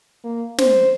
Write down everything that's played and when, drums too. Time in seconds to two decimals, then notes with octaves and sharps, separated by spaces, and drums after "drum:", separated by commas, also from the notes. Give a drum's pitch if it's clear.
0.24 A#3
0.58 C5, drum: snare